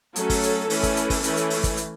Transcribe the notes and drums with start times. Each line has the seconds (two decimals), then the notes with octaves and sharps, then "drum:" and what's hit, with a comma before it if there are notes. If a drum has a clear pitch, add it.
0.16 F#3 A3 C#4 A4, drum: hi-hat
0.30 drum: kick, open hi-hat
0.43 drum: hi-hat
0.70 E3 A3 C#4, drum: open hi-hat
0.83 drum: kick, hi-hat
0.97 drum: hi-hat
1.10 drum: kick, open hi-hat
1.23 E3 A3 C#4, drum: hi-hat
1.37 drum: hi-hat
1.50 drum: open hi-hat
1.64 drum: kick, hi-hat
1.77 drum: hi-hat